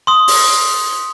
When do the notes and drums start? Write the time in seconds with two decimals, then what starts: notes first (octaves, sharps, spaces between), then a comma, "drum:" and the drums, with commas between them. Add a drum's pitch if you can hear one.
0.07 C6 D#6
0.28 drum: open hi-hat